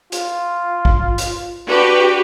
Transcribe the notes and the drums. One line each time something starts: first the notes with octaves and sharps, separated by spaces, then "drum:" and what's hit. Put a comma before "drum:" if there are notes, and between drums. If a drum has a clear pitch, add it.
F4, drum: hi-hat
drum: kick G#1
drum: hi-hat
D4 F#4 G4 B4